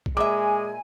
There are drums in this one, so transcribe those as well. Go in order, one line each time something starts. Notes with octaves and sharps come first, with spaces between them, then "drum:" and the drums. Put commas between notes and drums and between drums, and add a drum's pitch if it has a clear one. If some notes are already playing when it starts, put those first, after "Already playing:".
drum: kick B1
A#2 G#3 E5 G#5 D6